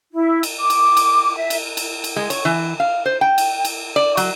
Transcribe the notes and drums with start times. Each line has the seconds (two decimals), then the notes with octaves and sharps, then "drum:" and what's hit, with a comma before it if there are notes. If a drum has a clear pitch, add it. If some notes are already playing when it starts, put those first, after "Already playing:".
0.12 E4
0.43 drum: cymbal
0.60 D6
0.70 drum: cymbal
0.97 drum: cymbal
1.37 E5
1.50 drum: cymbal
1.77 drum: cymbal
2.04 drum: cymbal
2.16 G#3
2.30 C#5, drum: cymbal
2.45 E3
2.80 F5
3.06 C5
3.21 G5
3.38 drum: cymbal
3.65 drum: cymbal
3.96 D5
4.17 F#3, drum: cymbal